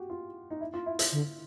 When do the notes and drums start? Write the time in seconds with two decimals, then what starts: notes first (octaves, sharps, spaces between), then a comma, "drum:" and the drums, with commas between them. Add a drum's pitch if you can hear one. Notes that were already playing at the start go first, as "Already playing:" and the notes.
Already playing: F#4 G4
0.10 F4
0.50 D#4
0.61 E4
0.74 F4
0.86 E4
0.99 E4, drum: hi-hat
1.12 D3